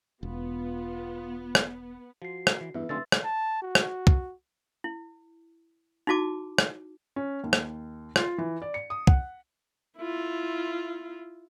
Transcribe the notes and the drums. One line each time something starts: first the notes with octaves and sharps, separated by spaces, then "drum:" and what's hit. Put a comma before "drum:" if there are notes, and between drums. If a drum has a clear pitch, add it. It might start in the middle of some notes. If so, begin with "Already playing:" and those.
E1 B3 F4
drum: rim click
F3 F#4 C7
A#3 A4, drum: rim click
E3
E2 G2 B4 E5
F1 D3 G#3 F4 C6 E6 A6
drum: rim click
A5
F#4
drum: rim click
drum: kick
E4
D#4 E4 F#4 A5 D6
drum: rim click
C#4
D#2
drum: rim click
F4, drum: rim click
E3
D5
C#7
D#6
F#5, drum: kick
E4 F4